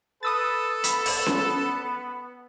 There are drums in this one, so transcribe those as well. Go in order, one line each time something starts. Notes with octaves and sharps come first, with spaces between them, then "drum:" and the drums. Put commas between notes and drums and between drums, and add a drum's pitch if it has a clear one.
A4 B4 D#6 E6 A6
B3 B5, drum: hi-hat
drum: open hi-hat
drum: snare C#4